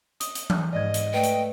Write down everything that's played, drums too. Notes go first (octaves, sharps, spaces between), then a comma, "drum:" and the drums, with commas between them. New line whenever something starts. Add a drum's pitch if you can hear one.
D#6, drum: hi-hat
drum: hi-hat
drum: tom E3
G#2 D5 D#5 G#6
drum: hi-hat
A3 B4 D5 G5
drum: hi-hat